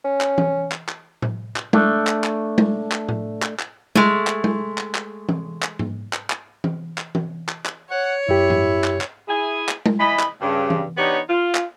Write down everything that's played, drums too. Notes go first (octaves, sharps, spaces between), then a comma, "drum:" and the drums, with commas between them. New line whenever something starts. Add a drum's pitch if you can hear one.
C#4
drum: clap
drum: tom E3
drum: clap
drum: clap
drum: tom A2
drum: clap
A3 D4, drum: tom G#3
drum: clap
drum: clap
drum: tom G#3
drum: clap
drum: tom A2
drum: clap
drum: clap
G#3 A3, drum: tom G#3
drum: clap
drum: tom G#3
drum: clap
drum: clap
drum: tom E3
drum: clap
drum: tom G#2
drum: clap
drum: clap
drum: tom E3
drum: clap
drum: tom E3
drum: clap
drum: clap
C#5 F#5
F#2 E4 G4
drum: tom G#2
drum: clap
drum: clap
E4 G#4 G#5
drum: clap
drum: tom G#3
E3 E4 D#5 B5
drum: clap
G2 C#3
drum: tom E3
B3 D4 D#4 G4 C#5
F4
drum: clap